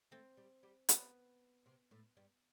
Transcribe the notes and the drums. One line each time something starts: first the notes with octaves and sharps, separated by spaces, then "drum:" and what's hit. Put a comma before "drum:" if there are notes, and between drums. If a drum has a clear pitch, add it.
A3 C4 A4
G3 G4
G3 G4
F#3 B3 F#4, drum: hi-hat
C3 C4
A2 A3
G2 G3